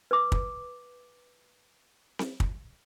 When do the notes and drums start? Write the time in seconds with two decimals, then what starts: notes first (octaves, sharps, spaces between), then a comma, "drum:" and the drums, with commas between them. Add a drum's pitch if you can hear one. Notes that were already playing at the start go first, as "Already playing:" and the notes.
0.11 B4 D6
0.32 drum: kick
2.19 drum: snare C4
2.40 drum: kick